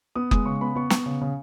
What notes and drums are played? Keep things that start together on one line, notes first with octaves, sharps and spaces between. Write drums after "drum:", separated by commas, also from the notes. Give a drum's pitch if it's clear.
B3 D#6
G#3 D#6, drum: kick F#1
C#3 C#6
B3 B5
B3 C#6
B3, drum: snare
C#3
C#3